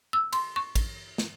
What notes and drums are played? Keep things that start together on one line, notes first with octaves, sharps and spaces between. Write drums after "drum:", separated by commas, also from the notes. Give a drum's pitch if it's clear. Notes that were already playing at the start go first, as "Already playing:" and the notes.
E6
C6, drum: cymbal
C#6
drum: kick, cymbal
drum: snare